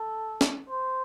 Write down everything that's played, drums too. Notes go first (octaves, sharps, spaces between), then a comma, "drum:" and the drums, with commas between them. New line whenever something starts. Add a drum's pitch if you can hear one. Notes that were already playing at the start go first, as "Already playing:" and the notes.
Already playing: A4
drum: snare
C5